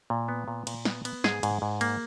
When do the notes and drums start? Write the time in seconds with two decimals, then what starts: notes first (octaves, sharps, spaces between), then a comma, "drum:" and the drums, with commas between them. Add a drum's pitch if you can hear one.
0.10 A#2
0.29 B3
0.48 A#2
0.67 A#2, drum: cymbal
0.85 B3, drum: snare
1.05 B3, drum: cymbal
1.24 G#2 G#4, drum: snare
1.43 G#2, drum: cymbal
1.62 G#2
1.81 A#3, drum: cymbal